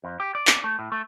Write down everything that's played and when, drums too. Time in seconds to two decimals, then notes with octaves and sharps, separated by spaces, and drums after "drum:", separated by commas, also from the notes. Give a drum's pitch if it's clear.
0.04 F2
0.20 G4
0.35 D5
0.47 drum: clap
0.64 A3
0.79 A2
0.92 A3